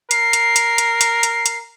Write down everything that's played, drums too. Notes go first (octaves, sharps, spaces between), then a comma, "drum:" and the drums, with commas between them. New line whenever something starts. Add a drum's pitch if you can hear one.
A#4 C7, drum: hi-hat
drum: hi-hat
drum: hi-hat
drum: hi-hat
drum: hi-hat
drum: hi-hat
drum: hi-hat